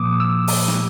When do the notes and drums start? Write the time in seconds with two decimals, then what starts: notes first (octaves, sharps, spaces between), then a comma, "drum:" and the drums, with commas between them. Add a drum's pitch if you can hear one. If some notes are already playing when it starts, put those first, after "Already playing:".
Already playing: A#2 F3 A#3 D6 D#6
0.20 E6
0.48 drum: open hi-hat
0.68 drum: rim click